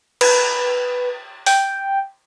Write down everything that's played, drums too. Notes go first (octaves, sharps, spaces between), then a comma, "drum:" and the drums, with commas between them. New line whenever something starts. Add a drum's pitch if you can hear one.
B4, drum: cymbal
G5, drum: open hi-hat